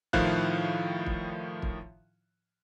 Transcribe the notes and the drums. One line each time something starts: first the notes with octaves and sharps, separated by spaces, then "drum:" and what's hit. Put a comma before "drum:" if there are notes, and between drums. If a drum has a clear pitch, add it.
A2 D#3 F3 E4 F5 F#6, drum: kick
drum: kick
drum: kick